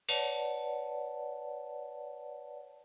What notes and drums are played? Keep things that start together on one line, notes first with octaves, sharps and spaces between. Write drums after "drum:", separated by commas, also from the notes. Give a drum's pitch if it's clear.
B4 C#5 D5 F#5 A5, drum: open hi-hat